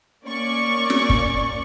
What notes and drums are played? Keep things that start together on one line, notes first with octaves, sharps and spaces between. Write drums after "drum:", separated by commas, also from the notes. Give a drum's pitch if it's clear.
A#3 C#4 D5 C#6
drum: snare
drum: kick